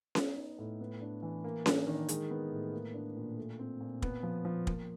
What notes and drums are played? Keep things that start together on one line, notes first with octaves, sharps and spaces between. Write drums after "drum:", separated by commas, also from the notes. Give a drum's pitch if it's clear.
B3, drum: snare C#4
D#4
A2
B3
D4
E3
A#3
D4, drum: snare C#4
D#3
G#3, drum: hi-hat
B3
A2
A#3
D4
A#2
A3
C4
A#2
B3, drum: kick
F3
F3
A#3, drum: kick